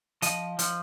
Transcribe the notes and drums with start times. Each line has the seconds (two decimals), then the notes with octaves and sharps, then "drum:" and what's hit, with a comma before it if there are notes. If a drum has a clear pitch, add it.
0.22 F3 D#5, drum: hi-hat
0.59 F3, drum: hi-hat